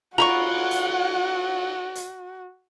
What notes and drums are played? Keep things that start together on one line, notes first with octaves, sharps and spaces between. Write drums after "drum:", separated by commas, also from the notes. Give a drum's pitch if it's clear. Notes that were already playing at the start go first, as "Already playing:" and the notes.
F4 F#4 F#5 A#5 B5 C#6, drum: cymbal
drum: hi-hat
drum: hi-hat